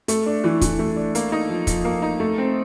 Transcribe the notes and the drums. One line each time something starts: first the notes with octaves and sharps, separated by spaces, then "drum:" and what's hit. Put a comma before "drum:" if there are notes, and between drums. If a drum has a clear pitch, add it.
A3, drum: hi-hat
D4
E3
E3, drum: kick, hi-hat
A3
D4
A#3, drum: hi-hat
D#4
F3
F3, drum: kick, hi-hat
A#3
D#4
A3
C4